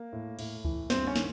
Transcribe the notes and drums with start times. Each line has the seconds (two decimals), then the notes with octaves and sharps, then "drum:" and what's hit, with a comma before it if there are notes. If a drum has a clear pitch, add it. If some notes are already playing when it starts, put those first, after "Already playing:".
Already playing: A#3
0.13 A2
0.39 A2, drum: cymbal
0.64 E3, drum: kick C#2
0.90 G2 C4 C5, drum: snare
1.07 C#4 C#5
1.16 D#3, drum: snare